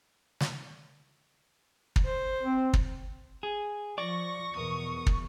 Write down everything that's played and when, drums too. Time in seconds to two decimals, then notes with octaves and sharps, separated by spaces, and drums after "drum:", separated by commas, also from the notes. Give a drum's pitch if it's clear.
0.40 drum: snare
1.96 drum: kick
2.05 C5
2.43 C4
2.73 drum: kick
3.43 G#4
3.98 F3 D5 C#6 A#6
4.55 E2 B2 A#4 D#6
5.07 drum: kick